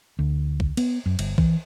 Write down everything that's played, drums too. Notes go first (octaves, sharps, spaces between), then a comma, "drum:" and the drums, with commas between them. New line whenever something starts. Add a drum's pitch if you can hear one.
D2
drum: kick
B3, drum: cymbal
F#2
G1, drum: cymbal
E3, drum: kick